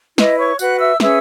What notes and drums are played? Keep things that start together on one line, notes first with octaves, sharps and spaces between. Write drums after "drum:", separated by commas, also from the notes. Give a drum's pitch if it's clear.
E4 B4 D#5, drum: snare
C#5 C#6
F#4 B4 F#5 F#6, drum: tambourine
E5 E6
C#4 G#4 B4 E5 E6, drum: snare